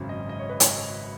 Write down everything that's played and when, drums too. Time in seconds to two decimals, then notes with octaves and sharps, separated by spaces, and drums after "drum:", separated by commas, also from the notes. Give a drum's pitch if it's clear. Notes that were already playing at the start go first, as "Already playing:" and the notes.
Already playing: G#1 F#2 C#3
0.09 D#5
0.29 D#5
0.39 C#5
0.49 B4
0.60 C#5, drum: hi-hat
0.70 D#5